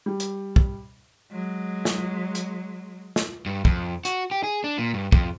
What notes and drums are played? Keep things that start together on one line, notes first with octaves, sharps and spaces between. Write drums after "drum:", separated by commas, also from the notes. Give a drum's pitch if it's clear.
G3
drum: hi-hat
drum: kick
F#3 G#3
drum: snare
drum: hi-hat
drum: snare
G2
F2, drum: kick
F#4, drum: hi-hat
G4
G#4
D4
A#2
G2
F2, drum: kick